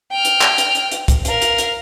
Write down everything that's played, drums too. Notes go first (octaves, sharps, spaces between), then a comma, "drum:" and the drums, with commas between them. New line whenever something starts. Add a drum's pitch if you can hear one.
G5 F6
drum: hi-hat
drum: clap
drum: hi-hat
drum: hi-hat
drum: hi-hat
drum: kick C2, hi-hat
A#4 F5, drum: hi-hat
drum: hi-hat
drum: hi-hat